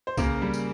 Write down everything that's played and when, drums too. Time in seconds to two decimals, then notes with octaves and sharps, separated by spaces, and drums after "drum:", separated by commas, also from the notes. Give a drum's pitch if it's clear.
0.07 C5
0.17 C#3 A#3 A#4, drum: kick C2, tambourine
0.42 G3
0.54 drum: tambourine